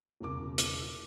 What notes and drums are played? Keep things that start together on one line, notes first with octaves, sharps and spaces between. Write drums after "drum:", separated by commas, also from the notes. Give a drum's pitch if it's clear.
E1 C2 C#3 A#4 D6
drum: hi-hat